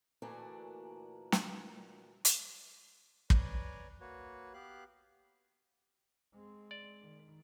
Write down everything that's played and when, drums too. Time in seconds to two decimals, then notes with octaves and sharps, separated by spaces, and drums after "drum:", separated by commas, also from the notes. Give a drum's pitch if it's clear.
0.22 D2 A#2 E3 A#3 D4 F#4
1.32 drum: snare
2.25 drum: hi-hat
3.30 B4 C#5 D5 G#5 A#5, drum: kick
4.01 A#3 F#4 B4 C#5
4.54 B3 G4 F5 F#6
6.33 G#3 C4
6.71 D5
7.02 D#3